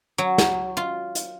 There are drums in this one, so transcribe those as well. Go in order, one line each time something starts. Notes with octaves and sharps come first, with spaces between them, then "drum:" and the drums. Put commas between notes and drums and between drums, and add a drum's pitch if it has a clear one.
F#3
drum: snare
F4
drum: hi-hat